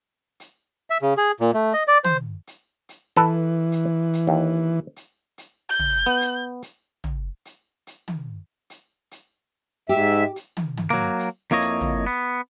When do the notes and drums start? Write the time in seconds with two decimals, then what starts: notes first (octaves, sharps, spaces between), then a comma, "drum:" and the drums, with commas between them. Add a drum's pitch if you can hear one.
0.40 drum: hi-hat
0.90 E5
1.02 C#3
1.17 G#4
1.40 A#2
1.54 A3
1.73 D#5
1.88 D5
2.04 C5, drum: tom
2.47 drum: hi-hat
2.89 drum: hi-hat
3.17 E3 A4 B4 A5
3.72 drum: hi-hat
4.13 drum: hi-hat
4.27 D#2
4.96 drum: hi-hat
5.38 drum: hi-hat
5.70 G6
5.79 drum: tom
6.06 B3
6.21 drum: hi-hat
6.62 drum: hi-hat
7.04 drum: tom
7.45 drum: hi-hat
7.87 drum: hi-hat
8.08 drum: tom
8.70 drum: hi-hat
9.11 drum: hi-hat
9.89 G#2 G4 E5
10.36 drum: hi-hat
10.57 drum: tom
10.77 drum: tom
10.90 F#3 A#3
11.19 drum: hi-hat
11.51 F2 A#3 E4 C#5 D#5
11.60 drum: hi-hat
11.81 drum: tom
12.06 B3